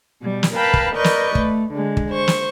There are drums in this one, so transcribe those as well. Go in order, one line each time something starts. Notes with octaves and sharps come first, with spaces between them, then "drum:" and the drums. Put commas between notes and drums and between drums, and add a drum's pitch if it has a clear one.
B2 G3
drum: snare
A#4 B4 F5 G5 A5 B5
drum: kick
A#4 B4 D5 D#5 C#6 G6
drum: snare
A3, drum: kick
D3 G#3
drum: kick
C5 C#6
drum: snare